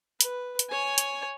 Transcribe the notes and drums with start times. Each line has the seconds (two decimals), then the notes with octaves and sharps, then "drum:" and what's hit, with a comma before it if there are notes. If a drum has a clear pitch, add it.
0.21 B4, drum: hi-hat
0.59 drum: hi-hat
0.69 C#5 G#5
0.98 drum: hi-hat